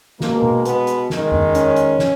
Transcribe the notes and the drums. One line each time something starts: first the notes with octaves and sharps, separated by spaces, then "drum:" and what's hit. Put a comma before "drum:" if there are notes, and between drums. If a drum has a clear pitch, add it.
B2 G#3 A#3, drum: snare
drum: tom B2
B3, drum: hi-hat
drum: hi-hat
D#3 G#3, drum: snare
drum: tom F2
C#4, drum: hi-hat
drum: hi-hat
drum: snare